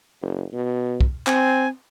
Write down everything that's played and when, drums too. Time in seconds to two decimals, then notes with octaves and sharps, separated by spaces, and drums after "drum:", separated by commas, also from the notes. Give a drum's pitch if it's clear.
0.21 F#1
0.53 B2
1.01 drum: kick
1.27 C4 G#5, drum: clap